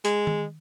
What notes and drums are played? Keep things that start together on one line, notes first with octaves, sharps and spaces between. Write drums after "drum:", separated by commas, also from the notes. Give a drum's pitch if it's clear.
G#3, drum: hi-hat
drum: tom D#3